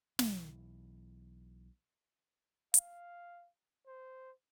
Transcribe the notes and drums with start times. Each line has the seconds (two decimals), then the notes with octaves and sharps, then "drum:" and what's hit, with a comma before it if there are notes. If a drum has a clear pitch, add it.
0.19 B1 E3, drum: snare
2.74 F5, drum: hi-hat
3.86 C5